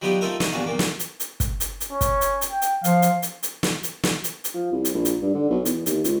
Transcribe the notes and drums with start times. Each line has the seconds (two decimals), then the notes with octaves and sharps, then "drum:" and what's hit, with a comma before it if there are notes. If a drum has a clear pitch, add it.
0.02 F#3 G3 B3 D#4 F4 G4
0.21 A3 C4 D#4 F4 A4 A#4
0.40 D#4 F#4 D#5, drum: snare
0.52 A1 E2 G2 A#2 F#4 F5
0.66 B1 A#2 A#3
0.79 drum: snare
0.99 drum: hi-hat
1.20 drum: hi-hat
1.40 drum: kick, hi-hat
1.60 drum: hi-hat
1.80 drum: hi-hat
1.91 C#4
2.01 drum: kick, hi-hat
2.21 drum: hi-hat
2.41 drum: hi-hat
2.51 G5
2.62 drum: hi-hat
2.84 F3 F5, drum: hi-hat
3.02 drum: hi-hat
3.22 drum: hi-hat
3.43 drum: hi-hat
3.63 drum: snare
3.83 drum: hi-hat
4.03 drum: snare
4.24 drum: hi-hat
4.44 drum: hi-hat
4.54 F3
4.72 C2
4.85 drum: hi-hat
4.95 A#1
5.05 drum: hi-hat
5.22 G2
5.34 D3
5.50 B1
5.65 E2, drum: hi-hat
5.86 D#2, drum: hi-hat
6.04 C#2, drum: hi-hat